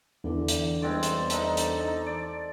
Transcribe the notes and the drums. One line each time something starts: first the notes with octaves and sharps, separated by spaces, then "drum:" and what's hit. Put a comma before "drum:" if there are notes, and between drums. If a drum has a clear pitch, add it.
E2 D3
drum: hi-hat
G2 G#3 C4 D5
drum: hi-hat
D#4 A4, drum: hi-hat
drum: hi-hat
D#4
D5